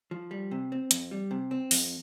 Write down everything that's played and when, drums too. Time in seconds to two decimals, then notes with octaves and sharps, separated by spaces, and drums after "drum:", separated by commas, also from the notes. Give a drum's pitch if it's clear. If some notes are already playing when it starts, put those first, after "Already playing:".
0.11 F3
0.31 G3
0.51 C3
0.72 C4
0.91 F2, drum: hi-hat
1.11 G3
1.31 C3
1.51 C4
1.71 F2, drum: open hi-hat